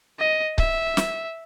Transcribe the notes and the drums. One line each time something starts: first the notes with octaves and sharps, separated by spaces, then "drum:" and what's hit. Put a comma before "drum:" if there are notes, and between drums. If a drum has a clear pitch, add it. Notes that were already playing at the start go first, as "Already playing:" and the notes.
D#5
E5, drum: kick C#1
drum: snare